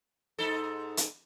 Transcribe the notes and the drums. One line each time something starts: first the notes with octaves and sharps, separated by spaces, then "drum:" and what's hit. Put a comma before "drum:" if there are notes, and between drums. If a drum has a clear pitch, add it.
G#2 D#4 A4
drum: hi-hat